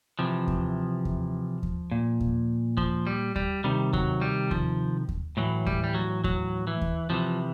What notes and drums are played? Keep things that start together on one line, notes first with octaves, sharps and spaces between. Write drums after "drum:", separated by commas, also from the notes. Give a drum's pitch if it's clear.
C3 E3 F3
drum: kick D#2
drum: kick D#2
drum: kick D#2
A#2
drum: kick D#2
F3, drum: kick D#2
G3
G3, drum: kick D#2
C3 D#3 G3
F#3, drum: kick D#2
G3
F3, drum: kick D#2
drum: kick D#2
A2 E3 F#3
G3, drum: kick D#2
G3
F#3
F#3, drum: kick D#2
E3
drum: kick D#2
C3 E3 F3